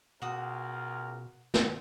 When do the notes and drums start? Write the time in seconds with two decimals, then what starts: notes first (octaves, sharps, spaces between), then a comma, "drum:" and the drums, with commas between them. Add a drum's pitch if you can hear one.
0.22 C#2 B2 F#4 A#4 D#6
1.54 drum: snare